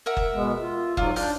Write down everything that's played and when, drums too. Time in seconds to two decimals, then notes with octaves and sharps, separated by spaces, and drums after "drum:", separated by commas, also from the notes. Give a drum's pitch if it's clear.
0.06 A#4 E5 F#5
0.17 drum: kick F#1
0.34 B2 G#3 B3
0.61 F4
0.97 G#2 F#3 F4 D5, drum: kick F#1
1.16 D4 D5 F6 G6, drum: open hi-hat